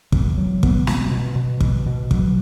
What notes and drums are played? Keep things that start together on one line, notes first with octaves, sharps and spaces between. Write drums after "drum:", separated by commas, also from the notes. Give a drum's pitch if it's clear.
E2, drum: kick
F#3
B3, drum: kick
B2, drum: snare
B2
B2
B2, drum: kick
B2
F#3, drum: kick